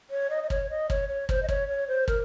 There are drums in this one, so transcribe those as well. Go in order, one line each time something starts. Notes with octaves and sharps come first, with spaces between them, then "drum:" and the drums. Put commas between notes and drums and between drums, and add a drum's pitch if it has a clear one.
C#5
D#5
D#5
C#5, drum: kick
D#5
C#5, drum: kick
C#5
C5, drum: kick
D#5
C#5, drum: kick
C#5
C5
A#4, drum: kick